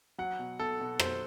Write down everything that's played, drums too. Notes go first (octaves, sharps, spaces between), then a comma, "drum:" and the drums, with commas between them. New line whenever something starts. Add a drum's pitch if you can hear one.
F#3 F#5
B2
B2 A4
B2
F#3 C5, drum: rim click